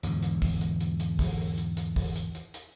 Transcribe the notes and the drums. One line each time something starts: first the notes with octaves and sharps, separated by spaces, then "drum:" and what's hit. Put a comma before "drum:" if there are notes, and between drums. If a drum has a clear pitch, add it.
E2 G#2 D3, drum: hi-hat
drum: hi-hat
drum: kick, open hi-hat
drum: hi-hat
drum: hi-hat
drum: hi-hat
drum: kick, open hi-hat
drum: hi-hat
drum: hi-hat
drum: kick, open hi-hat
drum: hi-hat
drum: hi-hat
drum: hi-hat